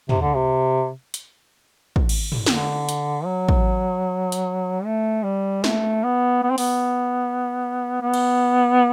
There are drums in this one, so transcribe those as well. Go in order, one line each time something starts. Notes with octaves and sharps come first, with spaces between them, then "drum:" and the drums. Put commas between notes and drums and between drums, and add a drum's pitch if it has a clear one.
C3, drum: tom
D3
C3
drum: hi-hat
drum: kick
drum: cymbal
drum: tom
D3, drum: snare
drum: hi-hat
F#3
drum: kick
drum: hi-hat
A3
G3
A3, drum: snare
B3
B3
C4
B3, drum: open hi-hat
B3
drum: cymbal